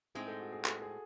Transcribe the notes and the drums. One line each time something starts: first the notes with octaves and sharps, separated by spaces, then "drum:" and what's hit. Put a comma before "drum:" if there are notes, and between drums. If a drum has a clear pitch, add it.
A2 G#3 C4 D#4 G#4
A4
F#4
G#4
A4, drum: clap
G#4